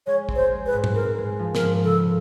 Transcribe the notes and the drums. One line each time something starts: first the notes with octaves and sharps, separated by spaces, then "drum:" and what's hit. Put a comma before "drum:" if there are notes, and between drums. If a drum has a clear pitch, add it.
G#3 C#5
C4, drum: kick
C5
G#3
B4
G#2
drum: tom
C4 A#4
G#3
F3
A#4, drum: snare
G#2
C#3 A4